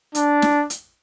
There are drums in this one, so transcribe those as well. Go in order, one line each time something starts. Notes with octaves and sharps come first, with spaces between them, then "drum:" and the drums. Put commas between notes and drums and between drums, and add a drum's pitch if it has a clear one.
D4, drum: hi-hat
drum: snare
drum: hi-hat